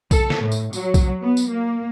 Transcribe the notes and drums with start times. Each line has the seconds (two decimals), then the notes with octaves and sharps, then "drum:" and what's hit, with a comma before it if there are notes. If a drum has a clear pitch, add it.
0.11 A4, drum: kick B1, tambourine
0.30 drum: snare
0.41 A2
0.52 drum: tambourine
0.73 F#3, drum: tambourine
0.94 drum: kick B1, tambourine
1.21 B3
1.37 drum: tambourine
1.51 A#3